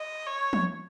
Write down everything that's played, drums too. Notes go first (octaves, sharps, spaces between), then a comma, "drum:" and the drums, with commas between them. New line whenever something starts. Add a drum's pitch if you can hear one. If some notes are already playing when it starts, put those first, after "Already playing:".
Already playing: D#5
C#5
drum: tom